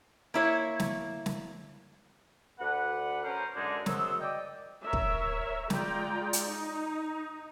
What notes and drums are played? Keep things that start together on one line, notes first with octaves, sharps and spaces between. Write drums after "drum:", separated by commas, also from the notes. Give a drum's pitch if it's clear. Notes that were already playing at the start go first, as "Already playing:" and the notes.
A#3 E4 C#5
drum: snare
drum: snare
D2 D4 B4 F#5
C#4 A#4 C5
F#2 D3 G#3 D4 D#4 G#5
F#2 C#3 F#3 C5 E6, drum: snare
D5 D#5 G5
A#4 C#5 E5
drum: kick
G#3 F4 D5 G5 A#5, drum: snare
drum: hi-hat
D#4